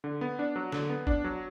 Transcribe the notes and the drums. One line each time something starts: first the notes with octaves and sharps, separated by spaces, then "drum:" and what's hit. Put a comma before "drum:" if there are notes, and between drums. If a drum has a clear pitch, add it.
D3
B3
D4
F#3
D3, drum: snare
B3
D4, drum: kick
F#3